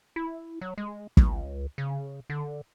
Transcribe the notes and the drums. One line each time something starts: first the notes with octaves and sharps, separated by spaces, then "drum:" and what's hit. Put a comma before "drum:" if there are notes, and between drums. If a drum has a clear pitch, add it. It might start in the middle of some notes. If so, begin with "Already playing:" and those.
E4
F#3
G#3
C#2, drum: kick
C#3
D3